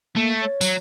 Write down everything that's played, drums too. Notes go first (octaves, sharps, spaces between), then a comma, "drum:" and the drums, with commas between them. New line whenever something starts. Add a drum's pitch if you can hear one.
A3 A#3
C#5
F#3, drum: tambourine